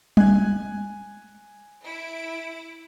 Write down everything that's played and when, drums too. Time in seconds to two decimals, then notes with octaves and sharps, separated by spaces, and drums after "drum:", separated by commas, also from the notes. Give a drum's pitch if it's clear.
0.17 G#5 F#6 G#6, drum: tom G3
1.84 E4 D7